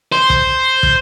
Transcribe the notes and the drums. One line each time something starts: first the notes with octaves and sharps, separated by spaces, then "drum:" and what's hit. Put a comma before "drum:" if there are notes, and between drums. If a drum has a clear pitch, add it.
C5
drum: kick
drum: kick